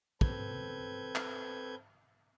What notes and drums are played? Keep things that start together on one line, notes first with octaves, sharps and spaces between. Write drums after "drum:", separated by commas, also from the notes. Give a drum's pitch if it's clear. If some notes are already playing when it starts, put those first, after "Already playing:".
C4 A4 B4 G6 G#6, drum: kick
drum: clap